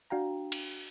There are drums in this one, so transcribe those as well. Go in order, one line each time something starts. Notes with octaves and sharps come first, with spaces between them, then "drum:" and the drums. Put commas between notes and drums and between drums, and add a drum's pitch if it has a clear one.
D4 F#4 F5 G5 A#5
drum: cymbal